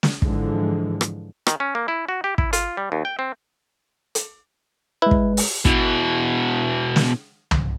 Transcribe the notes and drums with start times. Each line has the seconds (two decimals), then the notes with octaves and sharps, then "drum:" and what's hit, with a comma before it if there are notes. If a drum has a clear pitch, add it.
0.03 drum: snare
0.22 G#2 D3 E3 F3 G#3, drum: kick
1.01 drum: rim click
1.47 D#3, drum: rim click
1.60 C#4
1.75 A#3
1.88 E4
2.09 F#4
2.24 G4
2.38 E4, drum: kick
2.53 F4, drum: hi-hat
2.77 G3
2.92 D#2
3.05 G5
3.19 C4
4.15 drum: hi-hat
5.02 G#3 E4 B4
5.11 drum: kick
5.37 drum: open hi-hat
5.65 B2 E3, drum: kick
6.96 drum: snare
7.51 drum: tom